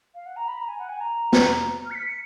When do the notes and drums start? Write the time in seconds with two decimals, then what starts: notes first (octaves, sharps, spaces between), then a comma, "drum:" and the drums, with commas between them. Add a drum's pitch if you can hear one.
0.15 F5
0.26 F#5
0.36 A#5
0.47 B5
0.57 A#5
0.68 G#5
0.79 F#5
0.89 G#5
1.00 A#5
1.33 drum: snare
1.85 F6
1.91 C#7
1.95 B6
2.06 C#7